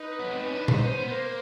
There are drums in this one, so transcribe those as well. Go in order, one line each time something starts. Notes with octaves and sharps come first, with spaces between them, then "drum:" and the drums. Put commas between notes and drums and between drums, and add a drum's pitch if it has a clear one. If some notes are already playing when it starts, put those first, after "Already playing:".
Already playing: D#4 B4
B3
C4
C#4
D4
D#4 C5, drum: tom A#2
C#4
B3
B3
A#3